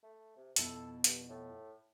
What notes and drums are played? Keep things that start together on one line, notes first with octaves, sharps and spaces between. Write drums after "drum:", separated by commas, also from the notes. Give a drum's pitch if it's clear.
A3
C3
F2 B2 E4 A4, drum: hi-hat
G2, drum: hi-hat
A2